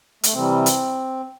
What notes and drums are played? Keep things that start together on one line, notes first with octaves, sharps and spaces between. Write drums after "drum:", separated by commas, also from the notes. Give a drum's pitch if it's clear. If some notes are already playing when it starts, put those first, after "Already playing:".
A3, drum: hi-hat
C3 E3 G3 C4
drum: hi-hat